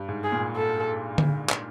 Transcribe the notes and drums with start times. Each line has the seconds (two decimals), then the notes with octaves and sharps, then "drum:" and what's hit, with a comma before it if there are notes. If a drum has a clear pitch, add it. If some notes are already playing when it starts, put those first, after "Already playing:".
Already playing: G2
0.08 G#2
0.24 G#4
0.32 A#2
0.56 A4
1.18 drum: tom D3
1.49 drum: clap